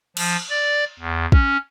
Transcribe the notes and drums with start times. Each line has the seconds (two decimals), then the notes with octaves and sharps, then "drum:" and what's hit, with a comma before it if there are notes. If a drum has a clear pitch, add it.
0.17 F3, drum: cymbal
0.50 D5
0.99 E2
1.32 C#4, drum: kick